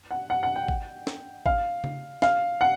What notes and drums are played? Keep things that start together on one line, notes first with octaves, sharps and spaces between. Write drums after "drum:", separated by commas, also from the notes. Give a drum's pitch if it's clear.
F#5
F#5
F#5
G5
drum: kick G#1
drum: snare
F5, drum: kick G#1
drum: tom C#3
F5, drum: snare
F#5